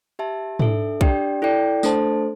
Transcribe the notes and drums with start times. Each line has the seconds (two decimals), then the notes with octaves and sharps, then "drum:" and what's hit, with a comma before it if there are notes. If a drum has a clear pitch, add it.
0.19 G4 E5 A5
0.59 D4 A4 E5, drum: tom G#2
1.01 D4 G4 D5 G5, drum: kick
1.42 E4 A4 D5 G5
1.83 A3 D4 A4 C5 A5, drum: tambourine